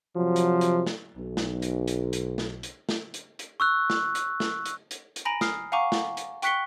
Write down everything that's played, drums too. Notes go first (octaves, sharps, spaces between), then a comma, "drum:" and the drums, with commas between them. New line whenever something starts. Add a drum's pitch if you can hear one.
C3 F3 F#3
drum: hi-hat
drum: hi-hat
drum: snare
B1
drum: snare
drum: hi-hat
drum: hi-hat
drum: hi-hat
drum: snare
drum: hi-hat
drum: snare
drum: hi-hat
drum: hi-hat
C#6 E6 F#6
drum: snare
drum: hi-hat
drum: snare
drum: hi-hat
drum: hi-hat
drum: hi-hat
G#5 A#5 B5 A#6 D7 F#7
D#6 F6 C7, drum: snare
F5 F#5 G#5 A#5 C#6 D6
drum: snare
drum: hi-hat
G5 C#6 F#6 B6 C#7 G7, drum: hi-hat